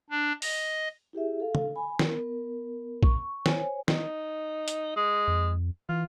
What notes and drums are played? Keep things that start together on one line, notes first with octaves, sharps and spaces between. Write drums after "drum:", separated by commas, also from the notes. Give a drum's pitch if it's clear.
D4
D#5, drum: open hi-hat
E4 G4 G#4 E5
A4 F5
drum: tom
G#5 B5
B3 A#4, drum: snare
C#6, drum: kick
C5 C#5 G#5, drum: snare
D#4, drum: snare
drum: hi-hat
G#3
F2
E3 F4